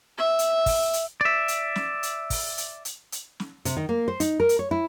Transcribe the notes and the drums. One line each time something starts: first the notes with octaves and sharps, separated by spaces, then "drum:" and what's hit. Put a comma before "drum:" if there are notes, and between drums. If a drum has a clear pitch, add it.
E5
drum: hi-hat
drum: kick, open hi-hat
drum: hi-hat
D5 E5
drum: hi-hat
drum: snare
drum: hi-hat
drum: kick, open hi-hat
drum: hi-hat
drum: hi-hat
drum: hi-hat
drum: snare
C3, drum: hi-hat
D#3
A#3
C5
D#4, drum: hi-hat
A#4
drum: hi-hat
C#5
E4